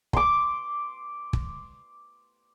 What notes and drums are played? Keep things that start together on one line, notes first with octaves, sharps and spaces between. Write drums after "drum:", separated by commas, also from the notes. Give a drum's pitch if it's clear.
C6 D6, drum: kick
drum: kick